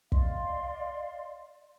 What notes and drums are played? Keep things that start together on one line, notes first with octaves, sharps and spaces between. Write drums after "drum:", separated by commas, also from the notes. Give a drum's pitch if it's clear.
D5 D#5 F5 C6, drum: kick